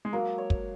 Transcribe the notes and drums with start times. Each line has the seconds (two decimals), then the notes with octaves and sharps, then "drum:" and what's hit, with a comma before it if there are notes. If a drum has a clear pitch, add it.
0.05 G#3
0.13 F#3 A#3
0.38 C#5
0.50 drum: kick